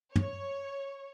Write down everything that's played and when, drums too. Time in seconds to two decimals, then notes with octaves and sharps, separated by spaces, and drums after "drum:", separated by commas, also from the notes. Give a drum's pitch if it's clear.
0.16 C#5, drum: tom